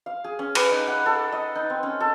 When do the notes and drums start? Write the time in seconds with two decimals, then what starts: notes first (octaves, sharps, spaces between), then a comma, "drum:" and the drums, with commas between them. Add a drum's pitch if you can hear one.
0.06 F5
0.24 G#4
0.39 C#4
0.55 B4, drum: cymbal
0.71 D#4
0.88 F#5
1.06 A4
1.32 D#5
1.55 D#4
1.70 C4
1.83 C#4
2.00 A4